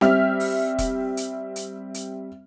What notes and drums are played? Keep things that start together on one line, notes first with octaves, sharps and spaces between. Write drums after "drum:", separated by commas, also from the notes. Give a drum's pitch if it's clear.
G3 C4 E5 F6, drum: snare
drum: open hi-hat
drum: kick E1, hi-hat
drum: hi-hat
drum: hi-hat
drum: hi-hat